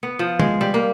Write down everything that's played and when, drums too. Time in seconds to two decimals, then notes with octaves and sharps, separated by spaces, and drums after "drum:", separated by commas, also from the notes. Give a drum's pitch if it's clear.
0.03 B3
0.19 F3
0.39 G#3, drum: tom D3
0.61 G3
0.74 A#3